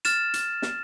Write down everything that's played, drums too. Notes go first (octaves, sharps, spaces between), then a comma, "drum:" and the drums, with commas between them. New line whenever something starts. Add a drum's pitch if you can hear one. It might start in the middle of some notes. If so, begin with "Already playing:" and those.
F6 A6 E7, drum: hi-hat
drum: hi-hat
drum: snare